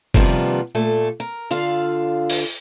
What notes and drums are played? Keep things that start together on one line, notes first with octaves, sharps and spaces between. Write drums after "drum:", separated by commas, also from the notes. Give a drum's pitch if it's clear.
C3 D#3 F3 G3 A#3 B3, drum: kick
A#2 A3 A4
A#4
D3 F4 F5
drum: open hi-hat